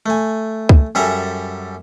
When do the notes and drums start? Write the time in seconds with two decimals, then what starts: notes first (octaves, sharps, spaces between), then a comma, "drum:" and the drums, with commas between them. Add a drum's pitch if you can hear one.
0.06 A3 G#5
0.69 drum: kick C#2
0.95 F#2 G3 A4 E5 G#5 A#5